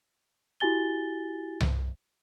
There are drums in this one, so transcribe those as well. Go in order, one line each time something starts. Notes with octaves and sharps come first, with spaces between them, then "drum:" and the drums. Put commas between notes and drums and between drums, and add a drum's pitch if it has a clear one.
E4 F#4 G4 G#5 A6 G7
drum: tom C2